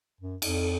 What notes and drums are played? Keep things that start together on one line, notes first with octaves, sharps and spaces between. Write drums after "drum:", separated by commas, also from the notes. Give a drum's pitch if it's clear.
F#2
F2, drum: cymbal